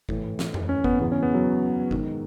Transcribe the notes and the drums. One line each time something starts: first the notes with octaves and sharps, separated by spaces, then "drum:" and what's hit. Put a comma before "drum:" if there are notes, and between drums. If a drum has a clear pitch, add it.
A2 E3, drum: kick G1
drum: snare
drum: tom F2
C#4
B3, drum: kick G1
E2 C#3 E3 B3
C#4
B3
F#3
G#2 D#3, drum: kick G1